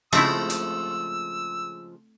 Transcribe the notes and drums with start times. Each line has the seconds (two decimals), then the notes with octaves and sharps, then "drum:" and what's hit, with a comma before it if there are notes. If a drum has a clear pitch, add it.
0.13 C#3 F3 G#3 A3 C4 E4 E6, drum: cymbal
0.50 drum: hi-hat